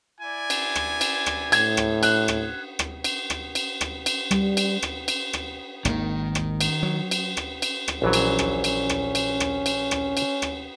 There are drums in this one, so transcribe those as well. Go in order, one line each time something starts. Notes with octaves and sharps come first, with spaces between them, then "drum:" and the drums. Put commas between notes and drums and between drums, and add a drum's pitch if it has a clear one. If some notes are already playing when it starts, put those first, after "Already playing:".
E4 D5 G#5
drum: cymbal
drum: rim click
drum: cymbal
drum: rim click
A2 G#6, drum: cymbal
drum: rim click
F#6, drum: cymbal
drum: rim click
drum: rim click
drum: cymbal
drum: rim click
drum: cymbal
drum: rim click
drum: cymbal
G3, drum: rim click
drum: cymbal
drum: rim click
drum: cymbal
drum: rim click
G#1 D#3 A#3, drum: rim click
drum: rim click
drum: cymbal
F#3
drum: cymbal
drum: rim click
drum: cymbal
drum: rim click
A#1 E3 F#3 C#4
drum: cymbal
drum: rim click
drum: cymbal
drum: rim click
drum: cymbal
drum: rim click
drum: cymbal
drum: rim click
drum: cymbal
drum: rim click